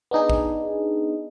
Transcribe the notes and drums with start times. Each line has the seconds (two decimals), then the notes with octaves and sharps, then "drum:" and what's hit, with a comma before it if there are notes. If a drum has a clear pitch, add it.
0.11 B3 D4 D#4 G#4
0.30 drum: kick A1